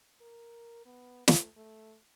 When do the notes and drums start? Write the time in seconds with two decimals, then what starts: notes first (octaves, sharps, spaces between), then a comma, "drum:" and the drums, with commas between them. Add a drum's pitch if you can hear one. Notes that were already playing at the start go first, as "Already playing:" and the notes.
0.21 A#4
0.86 B3
1.28 A3, drum: snare
1.57 A3